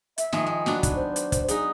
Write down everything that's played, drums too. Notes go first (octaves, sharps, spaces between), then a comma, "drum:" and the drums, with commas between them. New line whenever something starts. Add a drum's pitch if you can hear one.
E5, drum: hi-hat
D#3 F3 G#3, drum: snare
G#3
F#3 B3 D4 F#4, drum: snare
drum: kick, hi-hat
C5
drum: hi-hat
drum: kick, hi-hat
B3 D#4 G#4, drum: hi-hat